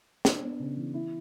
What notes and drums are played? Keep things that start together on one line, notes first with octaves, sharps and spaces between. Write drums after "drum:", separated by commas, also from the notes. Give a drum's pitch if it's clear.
D4, drum: snare
B3
C#3
E3
E4